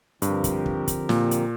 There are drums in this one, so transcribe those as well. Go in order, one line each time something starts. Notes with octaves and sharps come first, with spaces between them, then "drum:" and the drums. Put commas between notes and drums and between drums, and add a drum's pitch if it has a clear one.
G2 D3 F3 C4 G4 A#4, drum: hi-hat
drum: kick, hi-hat
drum: kick
drum: kick, hi-hat
A#2, drum: snare
drum: hi-hat